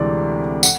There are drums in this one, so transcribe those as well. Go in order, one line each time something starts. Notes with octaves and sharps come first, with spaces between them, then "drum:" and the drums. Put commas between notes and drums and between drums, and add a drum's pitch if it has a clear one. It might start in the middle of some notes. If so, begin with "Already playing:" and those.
Already playing: D2 C3 E3 G#3 D5
F#5, drum: tambourine